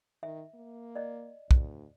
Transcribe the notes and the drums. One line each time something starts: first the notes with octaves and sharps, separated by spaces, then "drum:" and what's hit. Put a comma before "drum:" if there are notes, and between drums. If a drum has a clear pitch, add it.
D#3 E5
A#3
D5 D#5
D2, drum: kick